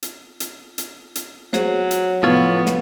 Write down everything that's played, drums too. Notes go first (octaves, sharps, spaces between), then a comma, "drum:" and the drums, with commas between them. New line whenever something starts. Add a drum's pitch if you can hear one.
drum: hi-hat
drum: hi-hat
drum: hi-hat
drum: hi-hat
F#3 G#4 C5, drum: snare
drum: hi-hat
A2 C3 F3 B3 F4 C#5
drum: snare